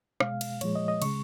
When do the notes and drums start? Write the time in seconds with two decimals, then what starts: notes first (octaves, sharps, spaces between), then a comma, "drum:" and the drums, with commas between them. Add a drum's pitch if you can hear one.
0.20 B2 G#3 F5, drum: rim click
0.41 drum: cymbal
0.61 A#2 F3 G#3 C#5, drum: cymbal
0.75 D#5
0.88 D#5
1.02 C#3 G#3 C#6, drum: cymbal